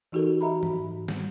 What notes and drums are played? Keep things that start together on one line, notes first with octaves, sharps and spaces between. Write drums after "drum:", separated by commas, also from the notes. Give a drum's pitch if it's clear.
E3 D#4 F#4 G4 A4 A#4
F#4 D#5 E5 A#5 B5
G#2, drum: tom E3
G3, drum: snare